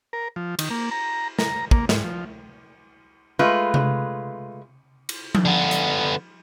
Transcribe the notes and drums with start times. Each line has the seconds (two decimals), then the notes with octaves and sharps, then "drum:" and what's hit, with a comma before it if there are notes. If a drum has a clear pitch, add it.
0.13 A#4
0.36 F3
0.59 D#3, drum: cymbal
0.70 A#3
0.91 A#5
1.39 A#5, drum: snare
1.71 A#3, drum: kick
1.89 G#2, drum: snare
2.04 F3
3.39 G#3 A3 F4 B4
3.74 drum: tom C3
5.09 drum: cymbal
5.35 drum: tom F3
5.45 D3 B3
5.71 drum: hi-hat